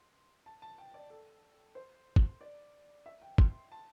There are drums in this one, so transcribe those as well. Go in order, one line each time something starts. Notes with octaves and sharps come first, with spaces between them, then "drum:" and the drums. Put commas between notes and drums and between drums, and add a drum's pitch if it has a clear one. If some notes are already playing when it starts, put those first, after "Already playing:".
Already playing: C6
A5
A5
G5
D5
A4
C5
drum: kick
D5
E5
G5
C6, drum: kick
A5